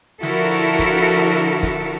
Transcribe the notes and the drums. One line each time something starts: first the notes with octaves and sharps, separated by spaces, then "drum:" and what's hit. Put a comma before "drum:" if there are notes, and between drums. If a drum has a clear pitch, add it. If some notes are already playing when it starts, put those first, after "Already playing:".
D3 F3 E4 F#4 A4 A#4, drum: snare
drum: open hi-hat
drum: kick, hi-hat
drum: hi-hat
drum: hi-hat
drum: kick, hi-hat